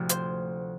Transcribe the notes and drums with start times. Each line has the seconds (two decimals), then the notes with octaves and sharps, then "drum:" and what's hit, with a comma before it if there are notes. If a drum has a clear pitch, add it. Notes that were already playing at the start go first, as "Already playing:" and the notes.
Already playing: D2 A2 C3 F3
0.09 C5, drum: hi-hat